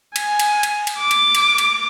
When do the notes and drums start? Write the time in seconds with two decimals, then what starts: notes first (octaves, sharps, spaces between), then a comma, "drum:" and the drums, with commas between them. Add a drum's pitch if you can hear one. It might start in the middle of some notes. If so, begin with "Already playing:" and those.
0.16 G#5, drum: cymbal
0.39 drum: cymbal
0.63 drum: cymbal
0.87 drum: cymbal
0.99 D6
1.11 drum: cymbal
1.35 drum: cymbal
1.58 drum: cymbal